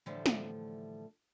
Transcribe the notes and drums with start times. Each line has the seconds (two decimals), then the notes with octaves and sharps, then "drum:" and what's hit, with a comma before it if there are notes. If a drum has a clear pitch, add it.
0.06 A2 D3 E3 F3 G3 A3
0.26 drum: snare